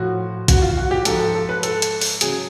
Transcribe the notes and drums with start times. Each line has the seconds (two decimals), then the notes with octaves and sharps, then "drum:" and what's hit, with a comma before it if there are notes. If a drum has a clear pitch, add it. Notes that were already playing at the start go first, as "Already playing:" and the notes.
Already playing: A2 F3 F#4
0.48 F#4, drum: kick, hi-hat
0.62 F4
0.77 F#4
0.91 G4
1.05 G#2 F3 A4, drum: hi-hat
1.19 A4
1.34 A4
1.49 B4
1.63 A4, drum: hi-hat
1.82 drum: hi-hat
2.01 drum: open hi-hat
2.21 C#3 F#3 G#4, drum: hi-hat